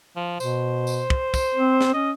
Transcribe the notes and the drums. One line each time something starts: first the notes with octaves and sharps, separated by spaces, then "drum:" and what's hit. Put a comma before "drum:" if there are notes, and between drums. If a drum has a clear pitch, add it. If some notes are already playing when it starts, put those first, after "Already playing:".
F3
B2 C5, drum: tambourine
drum: tambourine
drum: kick
drum: kick, tambourine
C4
drum: snare
C#4 D#5